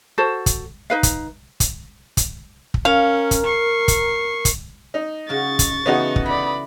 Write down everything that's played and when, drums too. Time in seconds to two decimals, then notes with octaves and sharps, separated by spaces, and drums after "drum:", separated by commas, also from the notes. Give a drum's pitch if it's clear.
0.18 F#4 A4 C5
0.46 drum: kick, hi-hat
0.90 D#4 B4 F5
1.03 drum: kick, hi-hat
1.60 drum: kick, hi-hat
2.17 drum: kick, hi-hat
2.74 drum: kick
2.85 C#4 A#4 F5
3.31 drum: kick, hi-hat
3.46 C#6 C7
3.88 drum: kick, hi-hat
4.45 drum: kick, hi-hat
4.94 D#4
5.29 C#3 F#4 A#4 C#6 A6
5.59 drum: kick, hi-hat
5.86 C#3 E3 A3 B3 D#4 F#4
6.16 drum: kick
6.26 E4 D5 B5